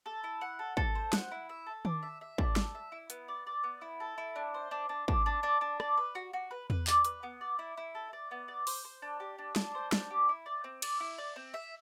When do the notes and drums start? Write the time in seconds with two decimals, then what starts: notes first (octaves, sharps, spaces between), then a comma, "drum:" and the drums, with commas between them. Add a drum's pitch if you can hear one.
0.06 A4
0.24 E4
0.41 F#5
0.59 A4
0.77 A4, drum: kick
0.95 C5
1.13 F#5, drum: snare
1.31 E4
1.49 E5
1.67 A4
1.85 D4, drum: tom D#3
2.03 E5
2.21 E5
2.38 D4, drum: kick
2.56 A4, drum: snare
2.75 E5
2.92 E4
3.10 B3, drum: hi-hat
3.28 D5
3.47 D5
3.64 B3
3.82 E4
4.00 A4
4.18 E4
4.36 D4
4.54 C5
4.71 D4
4.89 D4
5.08 D4, drum: kick
5.26 D4
5.43 D4
5.61 D4
5.80 D5, drum: rim click
5.97 B4
6.15 F#4
6.33 F#4
6.51 B4
6.70 B4, drum: tom E2
6.87 D5, drum: clap
7.05 B4, drum: hi-hat
7.23 B3
7.41 D5
7.59 E4
7.77 E4
7.95 A4
8.13 D5
8.31 B3
8.48 D5
8.67 C5, drum: open hi-hat
8.85 C5
9.02 D4
9.20 G4
9.38 D4
9.56 D4, drum: snare
9.75 C5
9.92 D4, drum: snare
10.11 G4
10.29 E4
10.46 D5
10.64 C4
10.82 D5, drum: cymbal
11.00 E4
11.18 D5
11.36 C4
11.54 E5